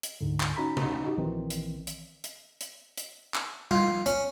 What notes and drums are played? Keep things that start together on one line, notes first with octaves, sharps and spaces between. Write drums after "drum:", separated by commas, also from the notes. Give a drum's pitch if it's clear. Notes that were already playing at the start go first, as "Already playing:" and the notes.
drum: hi-hat
D2 G#2 D3
drum: clap
C#4 D#4 F#4 A#5 B5 B6
drum: tom C3
D#4 F#4 G4
A#1 D#3 E3 C4
drum: hi-hat
drum: hi-hat
drum: hi-hat
drum: hi-hat
drum: hi-hat
drum: clap
F4, drum: tom G3
C#4, drum: hi-hat